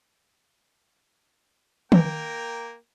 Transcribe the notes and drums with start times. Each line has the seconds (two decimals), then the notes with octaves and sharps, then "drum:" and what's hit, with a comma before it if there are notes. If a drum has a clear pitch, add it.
1.92 A#3 A#4 G5, drum: tom D#3